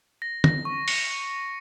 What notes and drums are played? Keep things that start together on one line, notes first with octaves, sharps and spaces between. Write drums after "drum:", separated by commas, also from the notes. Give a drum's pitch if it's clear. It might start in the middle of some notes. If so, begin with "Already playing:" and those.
A#6
A#6, drum: tom
C#6
C#7, drum: open hi-hat